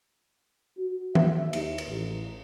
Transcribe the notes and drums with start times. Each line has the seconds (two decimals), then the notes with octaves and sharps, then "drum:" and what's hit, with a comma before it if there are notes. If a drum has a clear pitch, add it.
0.78 F#4
1.15 E5, drum: tom D#3
1.53 D#2, drum: cymbal
1.78 drum: cymbal
1.88 A1